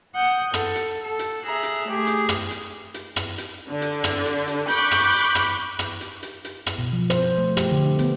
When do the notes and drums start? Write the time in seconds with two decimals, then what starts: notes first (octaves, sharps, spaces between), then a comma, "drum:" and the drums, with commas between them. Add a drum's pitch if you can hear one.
0.15 F#5 D#6 G6
0.54 A4, drum: rim click
0.75 drum: hi-hat
1.03 A4
1.19 drum: hi-hat
1.45 G#4 E5 A#5 F#6
1.63 drum: hi-hat
1.89 A3 G4 G#4
2.07 drum: hi-hat
2.29 drum: rim click
2.51 drum: hi-hat
2.94 drum: hi-hat
3.16 drum: rim click
3.38 drum: hi-hat
3.68 D3
3.82 drum: hi-hat
4.04 drum: rim click
4.26 drum: hi-hat
4.48 drum: hi-hat
4.68 B5 C#6 D6 F#6 G6, drum: hi-hat
4.91 drum: rim click
5.13 drum: hi-hat
5.35 drum: rim click
5.79 drum: rim click
6.01 drum: hi-hat
6.23 drum: hi-hat
6.45 drum: hi-hat
6.66 drum: rim click
6.78 B2
6.93 F3
7.10 C5, drum: rim click
7.38 A3
7.57 G4, drum: rim click
7.71 D3
7.86 D4
7.99 B3, drum: hi-hat